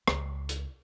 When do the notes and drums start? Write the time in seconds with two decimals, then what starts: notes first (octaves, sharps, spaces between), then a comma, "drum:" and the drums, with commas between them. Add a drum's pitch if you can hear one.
0.08 C#2, drum: rim click
0.49 drum: hi-hat